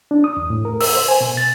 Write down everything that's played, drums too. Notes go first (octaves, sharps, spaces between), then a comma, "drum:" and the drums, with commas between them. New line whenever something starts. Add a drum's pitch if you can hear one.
D4
D#6
E2
A2
A#4
E6, drum: open hi-hat
C5
G#5
B2
A6